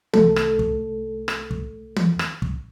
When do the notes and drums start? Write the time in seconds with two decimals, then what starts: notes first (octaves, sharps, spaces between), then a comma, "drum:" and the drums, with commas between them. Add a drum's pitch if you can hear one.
0.13 C2 A3 A4, drum: tom
0.36 drum: rim click
0.59 drum: kick
1.28 drum: rim click
1.51 drum: kick
1.96 drum: tom
2.19 drum: rim click
2.42 drum: kick